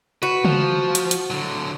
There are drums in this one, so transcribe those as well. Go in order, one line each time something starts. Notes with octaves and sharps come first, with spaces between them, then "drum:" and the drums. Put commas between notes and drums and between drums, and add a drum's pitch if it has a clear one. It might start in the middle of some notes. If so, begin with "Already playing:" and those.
F#4 B4
F3, drum: tom C#3
drum: hi-hat
drum: hi-hat
D3 F#3